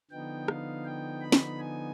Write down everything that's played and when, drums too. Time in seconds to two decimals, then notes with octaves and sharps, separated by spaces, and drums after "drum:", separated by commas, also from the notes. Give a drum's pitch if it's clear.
0.11 D3 F3 B3 D#4 G5
0.48 F5, drum: rim click
0.85 G5
1.22 B5
1.32 drum: snare
1.59 G#5